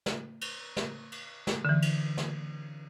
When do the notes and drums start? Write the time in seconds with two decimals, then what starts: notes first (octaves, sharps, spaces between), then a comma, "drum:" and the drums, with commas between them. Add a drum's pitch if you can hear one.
0.06 drum: snare
0.41 drum: cymbal
0.77 drum: snare
1.12 drum: cymbal
1.47 drum: snare
1.65 D3 E3
1.82 drum: cymbal
2.17 drum: snare